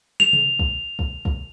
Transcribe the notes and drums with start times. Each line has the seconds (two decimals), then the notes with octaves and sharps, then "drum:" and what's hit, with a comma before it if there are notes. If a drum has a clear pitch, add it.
0.20 F7
0.33 drum: tom C3
0.59 drum: kick
0.99 drum: kick
1.25 drum: kick